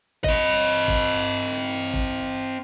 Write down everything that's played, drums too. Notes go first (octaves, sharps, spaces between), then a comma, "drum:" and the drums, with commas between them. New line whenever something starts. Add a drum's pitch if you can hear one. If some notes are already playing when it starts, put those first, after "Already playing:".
C4 D#5, drum: kick G#1
drum: kick G#1
drum: open hi-hat
drum: kick G#1